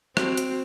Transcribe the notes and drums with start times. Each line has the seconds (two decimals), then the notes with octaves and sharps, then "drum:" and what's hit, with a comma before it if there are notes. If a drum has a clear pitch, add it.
0.17 C4 F#4, drum: rim click
0.37 drum: hi-hat